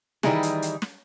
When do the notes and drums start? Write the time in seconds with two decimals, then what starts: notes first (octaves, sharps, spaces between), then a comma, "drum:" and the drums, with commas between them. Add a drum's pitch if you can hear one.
0.23 D#3 E3 G3 D#4 E4 G#4, drum: snare
0.43 drum: hi-hat
0.62 drum: hi-hat
0.82 drum: snare